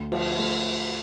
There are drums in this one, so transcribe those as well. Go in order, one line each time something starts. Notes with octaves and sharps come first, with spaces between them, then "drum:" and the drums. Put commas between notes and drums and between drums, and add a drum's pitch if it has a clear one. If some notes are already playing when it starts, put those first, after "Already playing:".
Already playing: D2
F3, drum: cymbal
A3